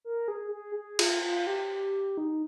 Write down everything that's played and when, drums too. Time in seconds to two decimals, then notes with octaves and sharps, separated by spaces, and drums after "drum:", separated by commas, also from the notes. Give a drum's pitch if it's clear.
0.05 A#4
0.28 G#4
0.52 G#4
0.75 G#4
0.99 F4, drum: cymbal
1.22 F4
1.47 G4
2.17 D#4